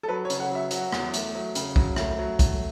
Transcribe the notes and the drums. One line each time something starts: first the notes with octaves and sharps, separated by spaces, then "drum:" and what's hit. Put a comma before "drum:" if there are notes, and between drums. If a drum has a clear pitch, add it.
A4
F#3 B4
C#5
C#3, drum: hi-hat
F#5
F#3 E5
F#3 F#4, drum: hi-hat
E2, drum: rim click
A3, drum: hi-hat
F#3
C#3, drum: hi-hat
F#3, drum: kick
A3, drum: rim click
F#3
A3, drum: kick, hi-hat